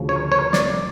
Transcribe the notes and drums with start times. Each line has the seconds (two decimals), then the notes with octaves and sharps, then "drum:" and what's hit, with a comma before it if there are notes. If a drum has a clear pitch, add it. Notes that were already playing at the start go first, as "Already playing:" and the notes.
Already playing: D2 C#3 F3
0.09 C#5
0.32 C#5
0.53 D5, drum: snare